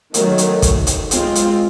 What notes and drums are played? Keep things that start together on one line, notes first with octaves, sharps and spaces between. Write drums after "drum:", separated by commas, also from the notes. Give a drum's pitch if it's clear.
D#3 F#3 A3, drum: hi-hat
drum: hi-hat
drum: kick, hi-hat
drum: hi-hat
G#3 C4 F4, drum: hi-hat
drum: hi-hat